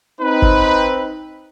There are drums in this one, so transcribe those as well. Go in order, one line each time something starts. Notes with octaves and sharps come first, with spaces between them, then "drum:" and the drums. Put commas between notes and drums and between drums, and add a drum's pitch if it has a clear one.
C4 D#4 B4
drum: kick G#1